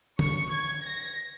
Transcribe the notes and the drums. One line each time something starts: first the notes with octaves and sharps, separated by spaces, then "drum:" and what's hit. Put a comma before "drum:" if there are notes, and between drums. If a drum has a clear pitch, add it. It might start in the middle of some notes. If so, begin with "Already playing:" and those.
C#6, drum: tom D3
G#6
A#6